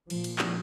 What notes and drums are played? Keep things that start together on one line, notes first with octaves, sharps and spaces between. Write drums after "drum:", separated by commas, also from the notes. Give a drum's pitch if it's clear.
A#2 F3, drum: cymbal
drum: cymbal
drum: clap